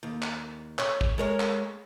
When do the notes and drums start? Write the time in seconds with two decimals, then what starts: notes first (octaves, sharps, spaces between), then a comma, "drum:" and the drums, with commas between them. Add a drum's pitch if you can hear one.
0.03 D#2
0.22 drum: clap
0.79 C#5, drum: clap
1.01 drum: kick
1.18 G#3 A#4 C#5
1.40 drum: clap